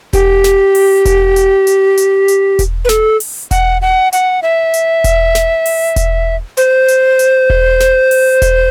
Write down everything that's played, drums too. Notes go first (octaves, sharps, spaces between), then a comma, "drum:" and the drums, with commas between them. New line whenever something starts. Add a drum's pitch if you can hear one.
G4, drum: kick E1, hi-hat
drum: snare
drum: open hi-hat
drum: kick E1, hi-hat
drum: hi-hat
drum: hi-hat
drum: hi-hat
drum: hi-hat
drum: kick E1, hi-hat
B4
A4, drum: snare
drum: open hi-hat
F#5, drum: kick E1, hi-hat
F#5
F#5, drum: hi-hat
E5
drum: hi-hat
drum: kick E1, hi-hat
drum: snare
drum: open hi-hat
drum: kick E1, hi-hat
C5, drum: hi-hat
drum: hi-hat
drum: hi-hat
drum: kick E1
drum: snare
drum: open hi-hat
drum: kick E1, hi-hat